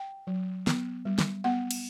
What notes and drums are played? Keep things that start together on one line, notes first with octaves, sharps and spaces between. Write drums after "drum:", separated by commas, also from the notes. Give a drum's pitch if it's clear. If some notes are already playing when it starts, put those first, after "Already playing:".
Already playing: G5
F#3
B3, drum: snare
G3
drum: snare
B3 F#5
drum: cymbal